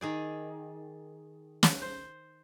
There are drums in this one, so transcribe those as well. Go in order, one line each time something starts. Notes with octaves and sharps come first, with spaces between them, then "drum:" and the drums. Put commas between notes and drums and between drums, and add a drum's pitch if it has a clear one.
D#3 G#4 D5
drum: snare
C5